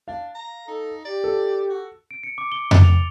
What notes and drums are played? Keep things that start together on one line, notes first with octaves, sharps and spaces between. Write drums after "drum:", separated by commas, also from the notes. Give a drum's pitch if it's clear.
D4 F5
A#5
D#4 A4
G4 D5
A4
F#4
D7
C#7
D6
G7
A6, drum: tom F2
F7